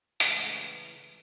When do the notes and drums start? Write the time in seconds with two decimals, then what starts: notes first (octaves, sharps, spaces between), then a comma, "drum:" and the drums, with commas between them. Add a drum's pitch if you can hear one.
0.20 C#2 A2 E3, drum: hi-hat